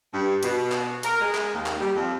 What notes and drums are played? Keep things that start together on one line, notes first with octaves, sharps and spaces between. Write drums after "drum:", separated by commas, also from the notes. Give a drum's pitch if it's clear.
G2
B2, drum: hi-hat
drum: clap
A#4, drum: hi-hat
G#3
drum: clap
D#2
drum: clap
G3
F2